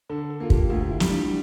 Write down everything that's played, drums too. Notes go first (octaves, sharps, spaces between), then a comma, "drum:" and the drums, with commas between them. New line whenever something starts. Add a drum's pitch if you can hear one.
D3 A4
A4
A#3 F4
G4, drum: kick
D2 F4
F4
E4
G3, drum: snare
D4